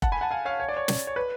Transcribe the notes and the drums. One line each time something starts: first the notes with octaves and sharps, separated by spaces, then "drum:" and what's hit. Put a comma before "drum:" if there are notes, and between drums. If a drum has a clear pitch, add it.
F#5 A5, drum: kick F1
G#5 B5
F#5 A5
F5 G#5
C#5 F5
C#5
D5
C#5
drum: snare
C#5
B4